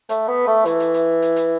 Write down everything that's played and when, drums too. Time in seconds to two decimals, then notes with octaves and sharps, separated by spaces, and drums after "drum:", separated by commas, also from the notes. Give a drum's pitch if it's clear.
0.09 A3, drum: hi-hat
0.28 B3
0.47 A3
0.65 E3, drum: hi-hat
0.80 drum: hi-hat
0.94 drum: hi-hat
1.22 drum: hi-hat
1.36 drum: hi-hat